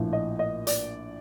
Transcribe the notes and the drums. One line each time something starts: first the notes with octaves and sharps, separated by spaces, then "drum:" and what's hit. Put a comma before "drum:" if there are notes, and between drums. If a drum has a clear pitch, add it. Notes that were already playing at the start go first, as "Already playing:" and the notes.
Already playing: A#1 A2 F3
D#5
D#5
D5, drum: hi-hat